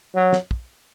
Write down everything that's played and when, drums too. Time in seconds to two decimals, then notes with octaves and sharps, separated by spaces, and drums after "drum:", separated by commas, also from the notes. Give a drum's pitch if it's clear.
0.15 F#3
0.33 drum: snare
0.51 drum: kick